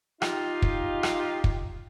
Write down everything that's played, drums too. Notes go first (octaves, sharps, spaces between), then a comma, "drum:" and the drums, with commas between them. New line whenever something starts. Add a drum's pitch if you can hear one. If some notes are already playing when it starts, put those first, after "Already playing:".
D#4 F4 G4, drum: rim click
drum: kick
drum: rim click
drum: kick